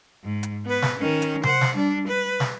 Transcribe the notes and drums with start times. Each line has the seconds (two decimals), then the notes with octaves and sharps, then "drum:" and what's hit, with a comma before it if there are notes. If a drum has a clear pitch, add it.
0.23 G#2
0.43 drum: hi-hat
0.65 B3 B4
0.82 drum: snare
0.98 D#3 C#4
1.22 drum: hi-hat
1.43 C5 F#5, drum: tom C3
1.61 drum: snare
1.75 G3 D4
2.07 B4
2.40 drum: snare